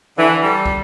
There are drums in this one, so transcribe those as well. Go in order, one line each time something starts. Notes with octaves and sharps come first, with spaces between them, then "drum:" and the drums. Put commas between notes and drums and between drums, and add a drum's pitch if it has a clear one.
D3 E3
G3 A4
drum: kick